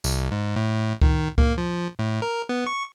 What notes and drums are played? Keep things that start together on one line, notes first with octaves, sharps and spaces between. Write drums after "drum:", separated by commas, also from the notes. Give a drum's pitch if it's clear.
C2, drum: tambourine
G#2
A2
D#3, drum: kick C#2
A#3, drum: kick C#2
F3
A2
A#4
B3
C#6